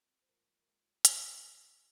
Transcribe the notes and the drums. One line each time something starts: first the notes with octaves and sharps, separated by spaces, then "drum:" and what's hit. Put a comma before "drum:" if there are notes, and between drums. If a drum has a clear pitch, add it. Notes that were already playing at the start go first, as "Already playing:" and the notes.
Already playing: A#1 G#2 F3 A#3 C4 C5
C5
A#1 G#2 F3 A#3 A#4
A#4
G#3 G#4
A#1 G#2 F3, drum: hi-hat